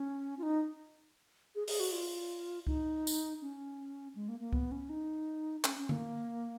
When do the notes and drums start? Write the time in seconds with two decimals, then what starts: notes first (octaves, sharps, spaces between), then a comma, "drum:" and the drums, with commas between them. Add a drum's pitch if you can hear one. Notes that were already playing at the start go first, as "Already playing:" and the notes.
Already playing: C#4
0.39 F4
0.43 D#4
1.55 G#4
1.68 G#4, drum: open hi-hat
1.80 F#4
1.92 F4
2.67 D#4, drum: kick C#2
3.07 drum: tambourine
3.41 C#4
4.15 G#3
4.28 A#3
4.40 A#3
4.53 B3, drum: kick C#2
4.72 C#4
4.89 D#4
5.64 C#4, drum: clap
5.77 C#4
5.89 A#3, drum: tom D3